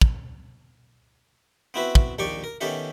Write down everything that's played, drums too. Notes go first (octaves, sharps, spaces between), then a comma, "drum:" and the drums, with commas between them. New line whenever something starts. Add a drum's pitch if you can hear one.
drum: kick
B3 C4 E4 F#4 B4 E5
drum: kick
A#1 D#2 G4 D5 C#6 D6
A#4
D#3 B3 C#4 G4 A4 E5